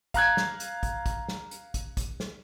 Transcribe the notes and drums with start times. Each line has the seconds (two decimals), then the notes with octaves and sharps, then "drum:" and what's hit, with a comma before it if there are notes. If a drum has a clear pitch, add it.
0.14 F5 A#5 F#6 G#6, drum: kick, hi-hat
0.37 drum: snare
0.60 drum: hi-hat
0.83 drum: kick, hi-hat
1.06 drum: kick, hi-hat
1.29 drum: snare
1.51 drum: hi-hat
1.74 drum: kick, hi-hat
1.97 drum: kick, hi-hat
2.20 drum: snare